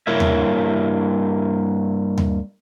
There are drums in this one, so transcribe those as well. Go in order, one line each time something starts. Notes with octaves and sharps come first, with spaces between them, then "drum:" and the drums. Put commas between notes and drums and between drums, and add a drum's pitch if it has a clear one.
G2 A#3 E4 A#4 C#5 E5
drum: tom D#2
drum: tom D#2